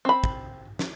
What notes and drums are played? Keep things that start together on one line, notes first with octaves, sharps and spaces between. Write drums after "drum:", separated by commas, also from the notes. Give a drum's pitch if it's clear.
C4 B5
drum: kick
drum: snare